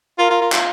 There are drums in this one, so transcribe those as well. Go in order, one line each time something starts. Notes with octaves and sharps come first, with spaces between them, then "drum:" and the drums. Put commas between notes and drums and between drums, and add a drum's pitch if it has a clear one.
F4 A#4
F4
F4
F4, drum: clap